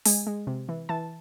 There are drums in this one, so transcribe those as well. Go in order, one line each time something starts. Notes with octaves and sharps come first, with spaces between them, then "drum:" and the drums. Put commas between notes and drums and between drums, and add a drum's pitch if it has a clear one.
G#3 G#5, drum: open hi-hat
G#3
C3
E3
E3 A5